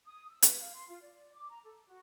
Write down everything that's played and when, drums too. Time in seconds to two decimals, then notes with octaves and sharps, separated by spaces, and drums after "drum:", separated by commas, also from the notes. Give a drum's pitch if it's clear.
0.06 D#6
0.30 E6
0.42 B4, drum: hi-hat
0.61 F5
0.74 C6
0.88 F4
1.01 D5
1.33 D6
1.50 A#5
1.64 A4
1.87 F#4